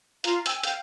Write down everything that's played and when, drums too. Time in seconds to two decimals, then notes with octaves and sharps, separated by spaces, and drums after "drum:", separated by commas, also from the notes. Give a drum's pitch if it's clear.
0.24 F4 F5 A#5, drum: hi-hat
0.46 G5 G#5 E6, drum: hi-hat
0.63 F5 G5 G6, drum: hi-hat